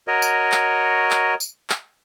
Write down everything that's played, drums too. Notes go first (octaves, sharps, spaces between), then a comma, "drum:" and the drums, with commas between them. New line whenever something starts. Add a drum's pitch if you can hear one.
F#4 A#4 C#5 D#5
drum: tambourine
drum: clap
drum: clap
drum: tambourine
drum: clap